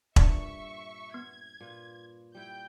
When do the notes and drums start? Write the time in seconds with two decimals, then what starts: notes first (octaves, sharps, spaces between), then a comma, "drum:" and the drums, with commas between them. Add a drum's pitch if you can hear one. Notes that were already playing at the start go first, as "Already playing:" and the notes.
0.16 G2 A#2 D5 E5 A5 C#6, drum: kick E1
1.14 B3 G#6
1.61 A#2 F4 B4
2.35 G3 E4 G5 G6